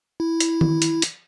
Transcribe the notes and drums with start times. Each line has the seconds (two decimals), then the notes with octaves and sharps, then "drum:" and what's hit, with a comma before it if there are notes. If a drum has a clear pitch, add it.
0.20 E4
0.40 drum: hi-hat
0.61 drum: tom D#3
0.82 drum: hi-hat
1.02 drum: hi-hat